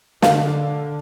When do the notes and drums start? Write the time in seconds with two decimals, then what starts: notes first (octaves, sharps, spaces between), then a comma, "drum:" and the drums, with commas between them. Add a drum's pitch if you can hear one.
0.22 D3 F5, drum: snare